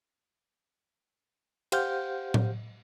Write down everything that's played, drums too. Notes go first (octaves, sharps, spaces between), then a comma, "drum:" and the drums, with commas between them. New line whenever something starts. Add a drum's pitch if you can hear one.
G4 C5 F5 F#5 F6 G6, drum: cymbal
drum: tom A2